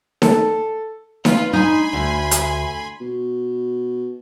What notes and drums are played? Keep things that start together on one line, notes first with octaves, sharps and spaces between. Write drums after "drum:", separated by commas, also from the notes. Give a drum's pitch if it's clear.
A4, drum: snare D#4
F4 B4, drum: snare D#4
D#4 G#5 B5 C6
D2
drum: hi-hat
B2